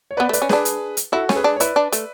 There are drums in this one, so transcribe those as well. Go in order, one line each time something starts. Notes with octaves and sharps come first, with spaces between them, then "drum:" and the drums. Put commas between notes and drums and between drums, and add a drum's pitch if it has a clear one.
C#5
B3 B4 D5
A3
B4 D5, drum: hi-hat
C#4
D4 G#4 B4, drum: snare
drum: hi-hat
drum: hi-hat
E4 F#4 A4
C#4 A4, drum: snare
G#4 B4
D4
C#5
E4 B4 D5, drum: hi-hat
D4
A3, drum: hi-hat